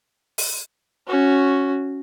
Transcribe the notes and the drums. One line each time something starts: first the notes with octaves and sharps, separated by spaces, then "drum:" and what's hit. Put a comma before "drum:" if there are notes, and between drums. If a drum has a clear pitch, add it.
drum: open hi-hat
C#4 F#4